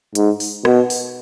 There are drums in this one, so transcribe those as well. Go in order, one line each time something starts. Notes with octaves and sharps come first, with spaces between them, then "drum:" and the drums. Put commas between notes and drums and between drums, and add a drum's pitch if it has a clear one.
G#2, drum: hi-hat
drum: open hi-hat
B2, drum: rim click
drum: open hi-hat